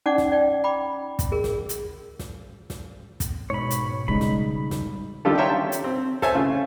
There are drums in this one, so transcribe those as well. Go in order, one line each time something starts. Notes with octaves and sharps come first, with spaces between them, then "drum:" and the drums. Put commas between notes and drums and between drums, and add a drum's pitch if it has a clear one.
C#4 D#4 D5 F#5 D6
drum: snare
D5 G5
G5 B5 D6
drum: kick, hi-hat
G#4 A#4
drum: snare
drum: hi-hat
drum: snare
drum: snare
drum: kick, hi-hat
G#2 B2 C#5 B5
drum: hi-hat
C#3 G3 G#3 D#4 B5
drum: snare
drum: snare
D3 D#3 G3 F4 G4 A4
C#5 E5 F5 G5 A#5 C6
A5
drum: hi-hat
C4
A4 C5 C#5 E5 G#5 A5, drum: snare
C#3 A3 F4